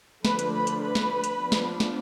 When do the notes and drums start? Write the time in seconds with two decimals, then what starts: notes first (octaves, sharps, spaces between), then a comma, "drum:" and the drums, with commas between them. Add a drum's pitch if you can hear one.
0.25 D3 F3 A3 D4 B4 B5, drum: snare
0.39 drum: hi-hat
0.53 B4 B5
0.67 drum: hi-hat
0.81 B4 B5
0.95 drum: snare
1.24 drum: hi-hat
1.38 F3 B3 D4
1.52 drum: snare
1.80 drum: snare